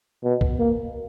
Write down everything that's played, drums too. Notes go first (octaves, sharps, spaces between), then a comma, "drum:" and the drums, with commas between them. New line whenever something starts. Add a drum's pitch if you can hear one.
B2
drum: kick C2
A#3